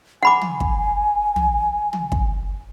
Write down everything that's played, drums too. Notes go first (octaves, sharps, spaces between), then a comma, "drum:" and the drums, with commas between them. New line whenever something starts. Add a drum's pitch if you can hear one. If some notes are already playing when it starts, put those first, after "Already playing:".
F#5 G#5 B5 D6
drum: tom
drum: kick
drum: tom
drum: tom
drum: kick